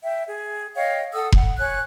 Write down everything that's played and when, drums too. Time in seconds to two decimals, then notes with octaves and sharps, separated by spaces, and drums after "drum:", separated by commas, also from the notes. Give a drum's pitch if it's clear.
0.04 E5 G5
0.27 G#4
0.77 C#5 D#5 F5 G5
1.13 A4 F#5 D#6 E6
1.33 F#5, drum: kick F1
1.58 C#5 G#5 F#6